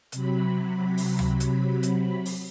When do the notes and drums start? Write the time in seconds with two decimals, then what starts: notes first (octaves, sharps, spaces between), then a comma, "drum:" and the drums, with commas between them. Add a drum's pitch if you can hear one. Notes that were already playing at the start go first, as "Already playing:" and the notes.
0.12 C3 F#3 B5, drum: hi-hat
0.97 drum: open hi-hat
1.19 drum: tom
1.40 drum: hi-hat
1.83 drum: hi-hat
2.25 drum: open hi-hat